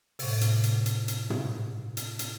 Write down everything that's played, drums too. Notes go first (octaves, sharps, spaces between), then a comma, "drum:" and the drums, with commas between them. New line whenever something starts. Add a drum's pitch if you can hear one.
A2 C3, drum: open hi-hat
drum: hi-hat
drum: hi-hat
drum: hi-hat
drum: hi-hat
drum: tom
drum: hi-hat
drum: hi-hat